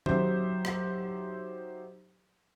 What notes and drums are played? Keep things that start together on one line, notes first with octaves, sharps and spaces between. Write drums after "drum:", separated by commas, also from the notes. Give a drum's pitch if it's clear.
F#3 D#4 G4 C5 E5, drum: tom D#3
drum: rim click